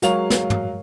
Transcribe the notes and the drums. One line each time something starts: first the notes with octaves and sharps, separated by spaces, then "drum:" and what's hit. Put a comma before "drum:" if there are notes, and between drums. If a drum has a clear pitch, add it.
F#3 G#3 A#4 C#5 F5 F7, drum: hi-hat
drum: snare
drum: tom G#2